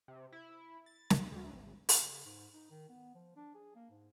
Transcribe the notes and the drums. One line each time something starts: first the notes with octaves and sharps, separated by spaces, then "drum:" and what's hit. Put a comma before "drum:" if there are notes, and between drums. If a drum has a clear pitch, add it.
C3
E4
A6
D#2, drum: snare
D2
G#1
drum: open hi-hat
C#3
G#2
D#4
D#3
B3
F3
D4
G#4
A#3
G#2